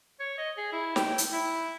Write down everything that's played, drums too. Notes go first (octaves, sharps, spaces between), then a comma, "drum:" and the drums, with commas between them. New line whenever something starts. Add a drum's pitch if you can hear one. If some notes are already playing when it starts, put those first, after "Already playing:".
C#5
D#5
G#4
E4
G5, drum: snare
drum: hi-hat
E4